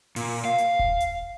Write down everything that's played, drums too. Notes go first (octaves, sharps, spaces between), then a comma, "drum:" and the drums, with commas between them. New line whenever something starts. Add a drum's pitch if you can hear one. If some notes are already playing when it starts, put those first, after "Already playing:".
A#2, drum: open hi-hat
F5
drum: hi-hat
drum: kick D#1
drum: hi-hat